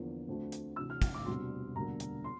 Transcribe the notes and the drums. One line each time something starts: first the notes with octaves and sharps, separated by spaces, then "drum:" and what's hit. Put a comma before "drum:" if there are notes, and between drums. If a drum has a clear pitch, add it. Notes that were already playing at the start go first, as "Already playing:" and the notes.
Already playing: E2 D3 F3 A#3
D2 D3 A3 C4
drum: hi-hat
D2 C3 E3 E6
F6
drum: kick, hi-hat
D6
E1 D2 C3 G3 C6
E1 D2 D3 G3 A#3 A#5
drum: hi-hat
C6